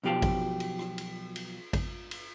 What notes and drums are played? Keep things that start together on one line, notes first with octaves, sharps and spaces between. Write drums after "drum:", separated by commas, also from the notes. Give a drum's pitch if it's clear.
B1 B2 F3 G4 F5 A5
drum: kick G#1, cymbal
drum: cymbal
drum: rim click
drum: cymbal
drum: cymbal
drum: kick G#1, cymbal
drum: cymbal